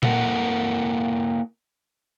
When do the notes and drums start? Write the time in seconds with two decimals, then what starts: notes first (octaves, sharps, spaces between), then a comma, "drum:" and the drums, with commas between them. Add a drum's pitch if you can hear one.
0.03 A#3 E4 A4 A#4 C#5 F#5, drum: tom A#2